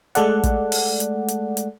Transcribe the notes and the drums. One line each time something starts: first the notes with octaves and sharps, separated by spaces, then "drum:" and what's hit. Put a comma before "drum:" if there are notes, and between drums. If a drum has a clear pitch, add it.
G#3 A3 A4 D5 F#5, drum: hi-hat
drum: kick, hi-hat
drum: open hi-hat
drum: hi-hat
drum: hi-hat
drum: hi-hat